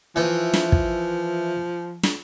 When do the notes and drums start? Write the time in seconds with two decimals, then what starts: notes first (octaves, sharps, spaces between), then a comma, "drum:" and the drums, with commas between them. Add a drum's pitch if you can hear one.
0.16 E3 F3
0.54 drum: snare
0.72 drum: kick
2.03 drum: snare